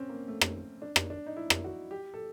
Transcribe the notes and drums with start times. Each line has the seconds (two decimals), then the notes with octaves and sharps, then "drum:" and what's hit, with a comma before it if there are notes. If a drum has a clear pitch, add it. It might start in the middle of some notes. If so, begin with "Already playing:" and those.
Already playing: C4 C#4
0.09 A#3
0.28 A3
0.41 drum: rim click
0.82 D4
0.96 drum: rim click
1.10 D4
1.26 D#4
1.36 E4
1.50 drum: rim click
1.64 F#4
1.91 G4
2.14 A4